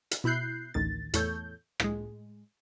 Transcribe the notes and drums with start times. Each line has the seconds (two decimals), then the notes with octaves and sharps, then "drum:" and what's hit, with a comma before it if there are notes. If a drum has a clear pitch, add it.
0.11 drum: hi-hat
0.24 B2 E4 F#6 G6 C7
0.74 A1 D2 D#3 A6
1.14 E2 A2 A4 C#5 G6, drum: hi-hat
1.80 A2 G#3, drum: rim click